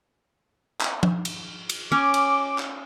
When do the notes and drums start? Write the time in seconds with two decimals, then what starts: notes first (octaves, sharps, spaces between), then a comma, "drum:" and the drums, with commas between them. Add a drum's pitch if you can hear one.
0.81 drum: clap
1.03 drum: tom F3
1.25 drum: cymbal
1.69 drum: cymbal
1.92 C#4 D6
2.14 drum: cymbal
2.58 drum: clap